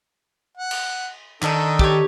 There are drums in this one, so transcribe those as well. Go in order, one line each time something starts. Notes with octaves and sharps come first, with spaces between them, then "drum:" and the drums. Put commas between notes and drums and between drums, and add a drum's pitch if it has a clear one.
F#5
drum: cymbal
D#3 D4 D#4 A4, drum: clap
G4 C#5, drum: kick